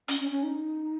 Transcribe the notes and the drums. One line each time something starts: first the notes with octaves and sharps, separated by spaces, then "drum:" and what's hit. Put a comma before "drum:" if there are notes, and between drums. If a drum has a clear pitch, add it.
C#4, drum: hi-hat
C#4
C#4
D#4